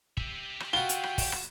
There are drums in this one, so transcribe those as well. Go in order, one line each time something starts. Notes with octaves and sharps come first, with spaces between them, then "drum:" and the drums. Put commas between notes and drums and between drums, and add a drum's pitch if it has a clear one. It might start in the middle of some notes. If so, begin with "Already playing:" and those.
G4 E5, drum: kick
drum: rim click
F4 F#4 G5 G7
drum: hi-hat
drum: rim click
drum: kick, open hi-hat
drum: rim click